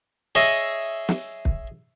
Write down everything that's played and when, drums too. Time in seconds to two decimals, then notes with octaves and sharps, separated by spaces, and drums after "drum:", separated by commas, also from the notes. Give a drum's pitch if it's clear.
0.35 G#4 C#5 D#5 E5
1.09 drum: snare
1.45 drum: kick